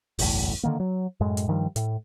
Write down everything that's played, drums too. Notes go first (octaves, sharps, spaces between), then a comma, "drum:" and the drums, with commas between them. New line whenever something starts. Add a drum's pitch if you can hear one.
F#1 B1 E2 A2, drum: open hi-hat
D3 D#3 A#3
F#3
F#2 A2 G#3
drum: hi-hat
G2 D#3 F3 G3
A2, drum: hi-hat